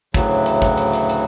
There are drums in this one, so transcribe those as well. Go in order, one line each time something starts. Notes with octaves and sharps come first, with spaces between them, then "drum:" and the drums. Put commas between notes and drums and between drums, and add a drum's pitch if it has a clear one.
D2 A2 C#3 E3 F#3, drum: kick, hi-hat
drum: hi-hat
drum: kick, hi-hat
drum: hi-hat
drum: hi-hat
drum: hi-hat